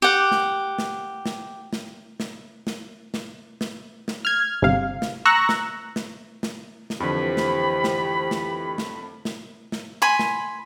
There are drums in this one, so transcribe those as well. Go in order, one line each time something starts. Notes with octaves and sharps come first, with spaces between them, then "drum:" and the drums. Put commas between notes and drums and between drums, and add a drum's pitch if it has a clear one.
G4 F#5
drum: snare
drum: snare
drum: snare
drum: snare
drum: snare
drum: snare
drum: snare
drum: snare
drum: snare
F6 G#6
G1 C3 F5
drum: snare
A#5 C#6 E6 F#6 A#6
drum: snare
drum: snare
drum: snare
drum: snare
F2 D3 E3 G4 C5 B5
drum: snare
drum: snare
drum: snare
drum: snare
drum: snare
drum: snare
G#5 B5 C6
drum: snare